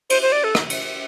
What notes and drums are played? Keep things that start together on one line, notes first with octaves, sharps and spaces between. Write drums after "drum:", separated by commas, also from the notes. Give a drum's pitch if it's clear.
C5, drum: cymbal
C5
D5
A4
drum: rim click
drum: cymbal